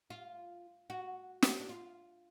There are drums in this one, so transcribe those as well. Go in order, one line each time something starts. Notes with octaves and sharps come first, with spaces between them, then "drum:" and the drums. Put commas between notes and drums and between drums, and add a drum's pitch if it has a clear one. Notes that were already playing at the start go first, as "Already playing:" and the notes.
F4
F#4
drum: snare
D4
F4